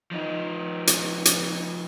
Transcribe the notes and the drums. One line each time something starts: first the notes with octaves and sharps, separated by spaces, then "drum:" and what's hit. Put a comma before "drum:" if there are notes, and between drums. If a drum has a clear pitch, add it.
F3 D#4
drum: hi-hat
drum: hi-hat